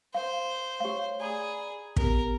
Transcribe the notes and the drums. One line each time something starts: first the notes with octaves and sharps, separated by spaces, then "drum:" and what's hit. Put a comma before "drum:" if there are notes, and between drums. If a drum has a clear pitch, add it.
C5 F5
A3 G4 C#5 F5
G#4 D5 A#5 B5
B3 G4 A#4, drum: kick